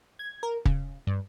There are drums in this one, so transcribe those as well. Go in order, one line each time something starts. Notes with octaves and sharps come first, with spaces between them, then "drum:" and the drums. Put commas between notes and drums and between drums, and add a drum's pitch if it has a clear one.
G#6
A#4
C#3, drum: kick
G2